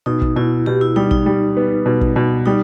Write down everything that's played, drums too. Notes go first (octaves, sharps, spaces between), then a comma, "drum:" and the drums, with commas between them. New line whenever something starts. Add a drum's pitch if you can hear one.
B2 D#4
drum: kick
B2 E4
B2 G4
E4
G3 D#4
D#4, drum: kick
G3
B3
B2
drum: kick
B2
G3 D#4